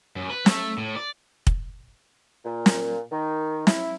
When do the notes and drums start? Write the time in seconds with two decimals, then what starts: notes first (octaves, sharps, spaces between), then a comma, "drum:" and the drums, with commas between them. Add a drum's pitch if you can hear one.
0.16 F#2
0.30 B4
0.46 A3, drum: snare
0.78 A2
0.96 D5
1.47 drum: kick
2.45 A#2
2.66 drum: snare
3.12 D#3
3.67 E4, drum: snare